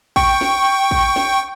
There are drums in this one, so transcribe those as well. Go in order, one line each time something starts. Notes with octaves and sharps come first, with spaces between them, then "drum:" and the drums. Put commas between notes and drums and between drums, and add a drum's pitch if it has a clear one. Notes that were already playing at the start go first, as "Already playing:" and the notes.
G5 C#6, drum: kick
drum: snare
drum: kick
drum: snare